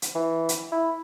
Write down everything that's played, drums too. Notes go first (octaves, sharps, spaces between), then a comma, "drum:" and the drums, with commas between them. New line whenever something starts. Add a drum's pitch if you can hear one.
drum: hi-hat
E3
drum: hi-hat
E4